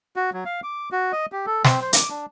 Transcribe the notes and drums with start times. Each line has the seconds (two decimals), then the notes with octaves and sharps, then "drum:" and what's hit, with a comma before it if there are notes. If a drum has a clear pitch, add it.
0.16 F#4
0.33 F#3
0.45 F5
0.63 D6
0.92 F#4
1.13 D#5
1.32 G4
1.46 A4
1.65 C4, drum: snare
1.81 C5
1.93 D6, drum: hi-hat
2.10 D4